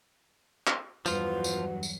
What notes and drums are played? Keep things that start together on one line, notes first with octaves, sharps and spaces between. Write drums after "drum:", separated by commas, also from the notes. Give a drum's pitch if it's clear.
drum: clap
E2 G2 F3 F#3 F4 F#4 B4, drum: tambourine
drum: tambourine
drum: tambourine